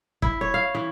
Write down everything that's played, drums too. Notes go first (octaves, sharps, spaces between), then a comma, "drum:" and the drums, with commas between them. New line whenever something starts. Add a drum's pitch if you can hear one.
E4, drum: kick
C#5
F5
E3